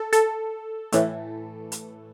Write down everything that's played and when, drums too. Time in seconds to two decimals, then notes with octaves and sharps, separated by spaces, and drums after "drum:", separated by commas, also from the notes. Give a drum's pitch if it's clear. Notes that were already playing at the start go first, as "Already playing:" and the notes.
Already playing: A4
0.13 A4, drum: hi-hat
0.92 A2 E3 A3, drum: hi-hat
1.72 drum: hi-hat